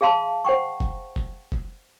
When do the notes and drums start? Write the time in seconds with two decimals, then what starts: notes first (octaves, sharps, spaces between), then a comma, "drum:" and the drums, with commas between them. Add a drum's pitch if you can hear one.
0.01 G#4 E5 F5 A5 C6
0.45 C5 F#5 G5 C#6
0.80 drum: kick F#1
1.16 drum: kick F#1
1.52 drum: kick F#1